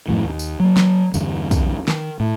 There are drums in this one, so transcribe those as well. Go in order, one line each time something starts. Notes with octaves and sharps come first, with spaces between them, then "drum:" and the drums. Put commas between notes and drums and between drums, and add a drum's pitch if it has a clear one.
F2 A2 E3
D#2
drum: tambourine
F#3 A#3
drum: snare
E2 G2 D3, drum: tambourine
drum: kick, tambourine
D#3, drum: snare
A2